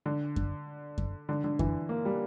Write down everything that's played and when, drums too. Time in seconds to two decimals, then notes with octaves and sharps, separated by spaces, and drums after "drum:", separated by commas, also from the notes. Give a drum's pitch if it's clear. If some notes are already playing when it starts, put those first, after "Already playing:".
0.06 D3
0.36 drum: kick F#2
0.98 drum: kick F#2
1.29 D3
1.44 D3
1.59 E3, drum: kick F#2
1.89 A#3
2.05 G3